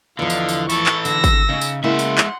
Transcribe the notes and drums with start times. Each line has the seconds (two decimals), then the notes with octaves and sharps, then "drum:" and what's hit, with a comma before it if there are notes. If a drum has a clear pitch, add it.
0.19 E2 D3 F3 D#5 F5
0.30 drum: tambourine
0.49 drum: tambourine
0.70 E3 A4 C#6 A6, drum: tambourine
0.86 drum: clap
1.05 D3 E6 A#6, drum: tambourine
1.24 drum: kick, tambourine
1.49 C#3 C#4 D#4
1.61 drum: tambourine
1.84 C#3 G#3 A#3 E4 E5 F#5 C6
1.99 drum: tambourine
2.18 drum: clap